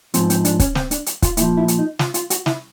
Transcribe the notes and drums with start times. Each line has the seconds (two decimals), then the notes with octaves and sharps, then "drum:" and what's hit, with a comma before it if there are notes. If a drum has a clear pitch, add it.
0.14 G#2 F3 C4, drum: hi-hat
0.30 C4, drum: hi-hat
0.45 D4, drum: hi-hat
0.60 C#4, drum: kick, hi-hat
0.75 C4, drum: snare
0.91 D4, drum: hi-hat
1.06 drum: hi-hat
1.22 F4, drum: kick, hi-hat
1.37 A#2 F3 E4, drum: hi-hat
1.57 E4
1.68 drum: hi-hat
1.79 D#4
1.99 F4, drum: snare
2.14 F4, drum: hi-hat
2.30 F#4, drum: hi-hat
2.46 E4, drum: snare